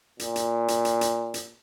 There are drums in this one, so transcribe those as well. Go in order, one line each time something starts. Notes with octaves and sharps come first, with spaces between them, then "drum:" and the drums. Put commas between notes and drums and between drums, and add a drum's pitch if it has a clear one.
A#2, drum: hi-hat
drum: hi-hat
drum: hi-hat
drum: hi-hat
drum: hi-hat
drum: hi-hat